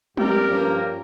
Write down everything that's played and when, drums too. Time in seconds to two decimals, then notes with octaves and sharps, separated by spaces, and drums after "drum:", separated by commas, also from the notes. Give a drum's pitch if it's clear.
0.17 G2 G3 C4 G4 A#4, drum: tom
0.49 G2 F3 A#3 C#4